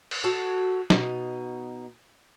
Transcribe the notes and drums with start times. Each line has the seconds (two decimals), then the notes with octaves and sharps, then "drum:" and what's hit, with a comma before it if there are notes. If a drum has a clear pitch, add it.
0.11 drum: cymbal
0.24 F#4 A4 A5
0.90 B2 D#4, drum: snare